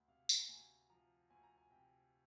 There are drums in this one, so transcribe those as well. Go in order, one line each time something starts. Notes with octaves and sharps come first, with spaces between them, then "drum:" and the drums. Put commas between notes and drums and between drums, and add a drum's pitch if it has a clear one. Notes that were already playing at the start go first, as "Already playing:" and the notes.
Already playing: D2
C3 F5
drum: tambourine
A#5
D2 G#5
F3 A#5
D2 G#5
A#5
G#5
C3 G5